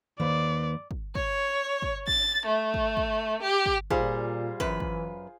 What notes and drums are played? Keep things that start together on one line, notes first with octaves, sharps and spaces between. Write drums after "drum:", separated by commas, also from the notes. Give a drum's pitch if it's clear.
D#2 B4 C5 D5
drum: kick
C#5, drum: kick
drum: kick
A6, drum: kick
A3
drum: kick
drum: kick
G4
drum: kick
A#2 G3 F4 G#4 C5, drum: kick
F#2 E3 B4, drum: kick
drum: kick